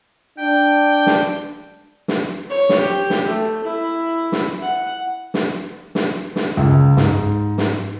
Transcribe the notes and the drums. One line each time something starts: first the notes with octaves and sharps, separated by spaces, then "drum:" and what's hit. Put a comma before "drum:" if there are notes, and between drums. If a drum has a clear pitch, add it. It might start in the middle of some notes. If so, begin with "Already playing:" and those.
D4 G5
drum: snare
drum: snare
C#5
drum: snare
G4
drum: snare
A3
E4
drum: snare
F#5
drum: snare
drum: snare
drum: snare
C#2
G#2, drum: snare
drum: snare